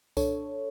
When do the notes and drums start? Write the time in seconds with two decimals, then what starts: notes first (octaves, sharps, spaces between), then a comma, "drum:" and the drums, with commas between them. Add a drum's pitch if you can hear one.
0.17 D4 A4 C#5, drum: kick C2, tambourine